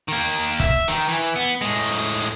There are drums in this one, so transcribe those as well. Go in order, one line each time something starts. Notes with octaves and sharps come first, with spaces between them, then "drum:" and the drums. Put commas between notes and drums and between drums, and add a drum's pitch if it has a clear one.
D#3 A#3
E5, drum: kick, hi-hat
D#3, drum: hi-hat
E3
B3
A2 G#3
drum: hi-hat
drum: hi-hat